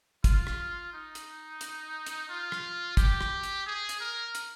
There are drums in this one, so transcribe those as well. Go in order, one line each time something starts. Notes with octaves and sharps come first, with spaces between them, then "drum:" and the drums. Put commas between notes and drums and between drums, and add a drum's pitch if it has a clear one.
F4, drum: kick, hi-hat
drum: rim click
D#4
drum: hi-hat
drum: hi-hat
drum: hi-hat
F4
drum: rim click
G4, drum: kick, hi-hat
drum: rim click
drum: hi-hat
G#4
drum: hi-hat
A#4
drum: hi-hat